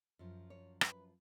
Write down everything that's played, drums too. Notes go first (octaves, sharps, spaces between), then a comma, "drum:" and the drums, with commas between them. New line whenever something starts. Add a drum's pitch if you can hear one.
F#2 F3
C#5
B4, drum: rim click